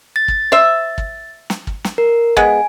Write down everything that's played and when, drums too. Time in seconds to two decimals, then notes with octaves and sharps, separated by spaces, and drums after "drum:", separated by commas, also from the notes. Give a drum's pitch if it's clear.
0.16 A6
0.28 drum: kick
0.52 C5 E5
0.98 drum: kick
1.50 drum: snare
1.67 drum: kick
1.84 drum: snare
1.98 A#4
2.37 G#3 B3 G#5, drum: kick